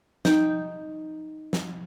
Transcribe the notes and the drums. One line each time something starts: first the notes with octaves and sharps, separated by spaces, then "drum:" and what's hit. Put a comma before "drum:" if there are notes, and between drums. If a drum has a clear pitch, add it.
D#4 G5, drum: snare
drum: snare